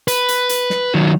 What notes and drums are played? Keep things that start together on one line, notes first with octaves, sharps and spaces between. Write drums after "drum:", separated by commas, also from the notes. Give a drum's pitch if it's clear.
B4, drum: hi-hat
drum: hi-hat
drum: hi-hat
drum: snare
D#3 F#3